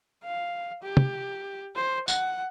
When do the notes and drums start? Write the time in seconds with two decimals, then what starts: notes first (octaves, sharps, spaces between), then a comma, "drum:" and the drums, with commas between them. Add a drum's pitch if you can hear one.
0.24 F5
0.83 G4
0.97 drum: tom
1.75 C5
2.08 F#5, drum: tambourine